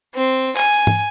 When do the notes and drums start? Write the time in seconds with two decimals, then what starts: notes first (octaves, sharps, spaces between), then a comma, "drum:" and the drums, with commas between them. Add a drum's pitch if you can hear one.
0.15 C4
0.57 G#5, drum: clap
0.87 drum: tom